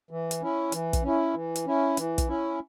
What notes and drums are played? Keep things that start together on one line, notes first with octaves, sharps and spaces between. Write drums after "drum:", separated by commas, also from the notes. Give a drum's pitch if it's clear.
E3
drum: hi-hat
C#4 E4
E3, drum: hi-hat
drum: kick, hi-hat
C#4 E4
E3
drum: hi-hat
C#4 E4
E3, drum: hi-hat
drum: kick, hi-hat
C#4 E4